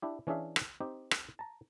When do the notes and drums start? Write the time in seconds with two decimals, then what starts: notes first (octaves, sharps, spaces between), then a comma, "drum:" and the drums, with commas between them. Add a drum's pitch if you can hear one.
0.02 D4 E4 G4
0.27 E3 C#4 D4 G#4 E5 F5
0.56 drum: rim click
0.80 C4 D#4 G4
1.11 drum: rim click
1.39 A5 A#5